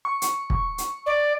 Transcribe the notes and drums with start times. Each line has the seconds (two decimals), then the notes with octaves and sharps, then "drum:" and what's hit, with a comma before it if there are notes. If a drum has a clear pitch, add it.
0.05 C#6
0.22 drum: hi-hat
0.50 drum: kick
0.78 drum: hi-hat
1.06 D5